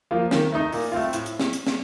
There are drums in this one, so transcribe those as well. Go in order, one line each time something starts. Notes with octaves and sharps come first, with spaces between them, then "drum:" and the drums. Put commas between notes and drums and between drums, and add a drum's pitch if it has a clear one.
F3 A#3 F4
D#3, drum: snare
A3 D#4
A#2, drum: open hi-hat
A3 C4 F4
A2, drum: hi-hat
drum: hi-hat
drum: snare
drum: hi-hat
drum: snare